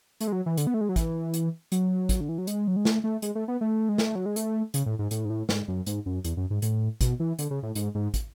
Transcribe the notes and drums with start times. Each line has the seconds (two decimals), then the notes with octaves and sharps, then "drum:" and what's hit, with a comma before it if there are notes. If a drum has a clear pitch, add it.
0.21 A3, drum: hi-hat
0.27 G#3
0.32 F#3
0.46 E3
0.57 D3, drum: hi-hat
0.67 B3
0.74 A3
0.81 G#3
0.89 F#3
0.96 E3, drum: kick, hi-hat
1.34 drum: hi-hat
1.72 F#3, drum: hi-hat
2.09 drum: kick, hi-hat
2.21 D3
2.29 E3
2.38 F#3
2.47 G#3, drum: hi-hat
2.68 F#3
2.76 G#3
2.85 A3, drum: snare
3.04 A3
3.22 G#3, drum: hi-hat
3.35 A3
3.48 B3
3.61 A3
3.89 G#3
3.98 A3, drum: snare
4.15 F#3
4.26 G#3
4.36 A3, drum: hi-hat
4.74 C#3, drum: hi-hat
4.86 A2
4.99 G#2
5.11 A2, drum: hi-hat
5.25 G#2
5.30 A2
5.49 G#2, drum: snare
5.68 F#2
5.86 G#2, drum: hi-hat
6.06 F#2
6.24 E2, drum: hi-hat
6.37 F#2
6.50 G#2
6.62 A2, drum: hi-hat
7.01 B2, drum: kick, hi-hat
7.20 E3
7.39 D3, drum: hi-hat
7.51 C#3
7.63 A2
7.75 G#2, drum: hi-hat
7.95 G#2
8.14 drum: kick, hi-hat